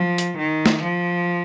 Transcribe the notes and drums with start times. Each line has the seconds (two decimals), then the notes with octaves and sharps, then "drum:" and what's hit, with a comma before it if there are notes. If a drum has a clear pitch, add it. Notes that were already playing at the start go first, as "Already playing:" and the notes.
Already playing: F3
0.18 drum: hi-hat
0.38 D#3
0.66 drum: snare
0.82 F3